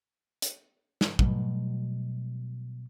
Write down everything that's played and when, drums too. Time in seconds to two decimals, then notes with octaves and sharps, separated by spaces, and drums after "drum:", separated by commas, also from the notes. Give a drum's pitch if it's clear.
0.42 drum: hi-hat
1.01 drum: snare
1.19 B2 F#3 G3 A3, drum: kick